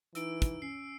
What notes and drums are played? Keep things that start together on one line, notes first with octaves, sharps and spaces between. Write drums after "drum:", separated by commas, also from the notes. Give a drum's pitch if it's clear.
E3 D#4 E6 D7, drum: hi-hat
drum: kick, hi-hat
C#4 C7